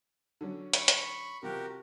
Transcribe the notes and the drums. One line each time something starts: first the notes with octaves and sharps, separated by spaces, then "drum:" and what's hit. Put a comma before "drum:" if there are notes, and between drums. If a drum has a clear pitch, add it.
D3 F#3 C#4
B5 C#6, drum: hi-hat
drum: hi-hat
C3 F3 F#4 G4 A#4